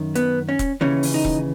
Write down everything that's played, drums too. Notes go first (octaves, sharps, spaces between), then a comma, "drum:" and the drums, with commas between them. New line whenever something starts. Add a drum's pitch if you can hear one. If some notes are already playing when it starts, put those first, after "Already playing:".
Already playing: F#2 D#3
B3, drum: hi-hat
C#4
drum: kick E1, hi-hat
D#2 C#3 E3 C#4
drum: open hi-hat
D#4
drum: kick E1